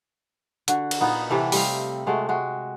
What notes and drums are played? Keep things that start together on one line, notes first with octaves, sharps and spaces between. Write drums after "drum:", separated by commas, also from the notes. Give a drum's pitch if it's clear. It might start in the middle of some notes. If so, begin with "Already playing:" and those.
D3 F#4, drum: hi-hat
drum: cymbal
A#2 B3 D#4
C3 E3 A3 A4
G3 C4 D#5 F5, drum: open hi-hat
C3 G#3 A3 F#4
G#3 F#4